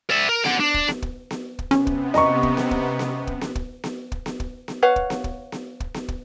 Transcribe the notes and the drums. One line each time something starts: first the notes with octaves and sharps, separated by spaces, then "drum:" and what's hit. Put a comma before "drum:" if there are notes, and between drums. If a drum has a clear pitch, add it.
D5 E5
A#4
D5 F#5, drum: snare B3
D4
drum: kick
drum: snare B3
drum: kick
drum: snare B3
drum: kick
C3 B3 C#4, drum: snare B3
drum: kick
D#5 A#5 C#6, drum: snare B3
drum: kick
drum: snare B3
drum: kick
drum: snare B3
drum: kick
drum: snare B3
drum: kick
drum: snare B3
drum: kick
drum: snare B3
drum: kick
drum: snare B3
B4 C#5 F5 F#5
drum: kick
drum: snare B3
drum: kick
drum: snare B3
drum: kick
drum: snare B3
drum: kick